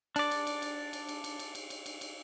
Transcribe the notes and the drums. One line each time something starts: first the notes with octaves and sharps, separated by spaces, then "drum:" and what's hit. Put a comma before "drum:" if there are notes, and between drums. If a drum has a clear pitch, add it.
D4 D5, drum: cymbal
drum: cymbal
drum: cymbal
drum: cymbal
drum: cymbal
drum: cymbal
drum: cymbal
drum: cymbal
drum: cymbal
drum: cymbal
drum: cymbal
drum: cymbal